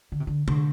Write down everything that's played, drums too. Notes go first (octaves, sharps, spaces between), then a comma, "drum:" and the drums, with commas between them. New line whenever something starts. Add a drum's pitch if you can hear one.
D3
C3
D3
D3, drum: tom C3